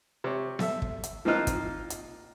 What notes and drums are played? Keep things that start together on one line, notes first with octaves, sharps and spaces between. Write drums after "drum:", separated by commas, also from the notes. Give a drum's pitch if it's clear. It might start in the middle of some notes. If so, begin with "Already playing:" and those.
C3 C#5
A4 E5, drum: snare B3
drum: kick
drum: hi-hat
F3 A#3 C4 D#4 F4 F#6
drum: kick, hi-hat
drum: hi-hat